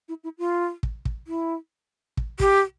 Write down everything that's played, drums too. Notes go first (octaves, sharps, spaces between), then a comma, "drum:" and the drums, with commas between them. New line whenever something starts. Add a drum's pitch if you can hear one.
E4
E4
F4
drum: kick
drum: kick
E4
drum: kick
G4, drum: kick